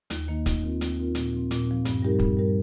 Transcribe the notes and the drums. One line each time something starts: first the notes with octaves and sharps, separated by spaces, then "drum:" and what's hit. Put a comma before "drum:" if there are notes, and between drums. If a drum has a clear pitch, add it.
D#2, drum: hi-hat
D#3 A#3 D#4
D#2, drum: kick, hi-hat
D#3 C4 F4 A#4
D#2, drum: hi-hat
D#3 C4 F4 A#4
A#2, drum: hi-hat
F3 C4
A#2, drum: hi-hat
F3 C4
G2, drum: hi-hat
G3 D#4 G4 A#4
G2, drum: kick
G3 D#4 G4 A#4